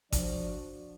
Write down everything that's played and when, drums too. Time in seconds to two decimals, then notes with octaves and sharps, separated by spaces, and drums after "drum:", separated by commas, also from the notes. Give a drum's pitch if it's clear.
0.12 F3 D4 F#4 D5, drum: kick G#1, hi-hat